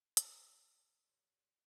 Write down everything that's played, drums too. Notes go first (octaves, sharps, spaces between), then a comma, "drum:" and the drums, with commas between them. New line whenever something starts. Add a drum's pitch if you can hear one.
A5, drum: hi-hat
C5
A#2 F3 F#3 G4 D5